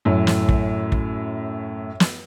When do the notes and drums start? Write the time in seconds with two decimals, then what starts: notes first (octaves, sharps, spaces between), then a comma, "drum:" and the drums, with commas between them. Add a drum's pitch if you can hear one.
0.05 F#2 A2
0.27 drum: snare
0.49 drum: kick
0.92 drum: kick
2.00 drum: snare